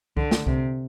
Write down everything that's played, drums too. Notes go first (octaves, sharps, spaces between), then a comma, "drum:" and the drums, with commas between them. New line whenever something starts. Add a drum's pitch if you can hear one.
D3, drum: kick C2
drum: snare
C3, drum: kick C2